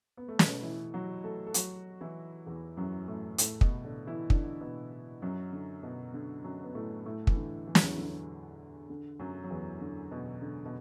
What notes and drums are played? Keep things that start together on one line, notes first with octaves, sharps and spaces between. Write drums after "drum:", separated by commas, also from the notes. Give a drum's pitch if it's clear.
B3
A3
B2 B3, drum: snare
E3 E4
F#3 F#4
A3 A4
A4
F#3 F#4, drum: hi-hat
E3 E4
E2 E3
F#2 F#3
A2 A3
A2 A3, drum: hi-hat
B2 B3, drum: kick
D3 D4
E3 E4
D3 D4, drum: kick
B2 B3
F#2 F#3
D3
B2
D3
F#2 F#3
B3
A2 A3
A2 A3
E3, drum: kick
D3
E3
F#3, drum: snare
E2 E3
D3
D3
F#2 F#3
F#3
E2 E3
D3
B2
D3
B2